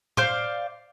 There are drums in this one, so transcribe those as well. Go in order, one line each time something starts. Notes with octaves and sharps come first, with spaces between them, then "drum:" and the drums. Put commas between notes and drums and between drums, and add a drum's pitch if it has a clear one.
C5 D5 F5 G6, drum: tom A2